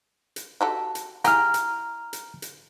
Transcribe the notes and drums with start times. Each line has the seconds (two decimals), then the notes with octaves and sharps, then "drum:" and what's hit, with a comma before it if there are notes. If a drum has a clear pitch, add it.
0.36 drum: hi-hat
0.61 F#4 G4 A4
0.95 drum: hi-hat
1.24 E4 G4 G#4 A#5 F6, drum: hi-hat
1.54 drum: hi-hat
2.13 drum: hi-hat
2.42 drum: hi-hat